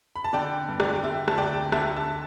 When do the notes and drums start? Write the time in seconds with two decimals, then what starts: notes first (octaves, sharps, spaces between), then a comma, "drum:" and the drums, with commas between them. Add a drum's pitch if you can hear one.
0.16 B5
0.24 A5
0.33 D3 D5 G5
0.68 G2
0.80 D5, drum: rim click
0.95 G5
1.03 D3 E5
1.28 A5, drum: rim click
1.38 D2 D5 G5
1.72 D3 E5 A5, drum: rim click
1.96 E5 A5